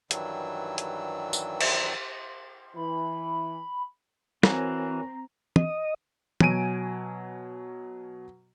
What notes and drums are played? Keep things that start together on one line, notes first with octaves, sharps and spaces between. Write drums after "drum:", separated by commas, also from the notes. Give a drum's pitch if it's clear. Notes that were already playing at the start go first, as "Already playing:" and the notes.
G2 D#3 E3 F#3 G3 E6, drum: hi-hat
drum: hi-hat
drum: tambourine
drum: cymbal
E3 B5
E3 C4 F#4 A#4 C#5 G#5 A#5, drum: snare
D#5, drum: tom
B2 F#3 G#5 D7 D#7, drum: tom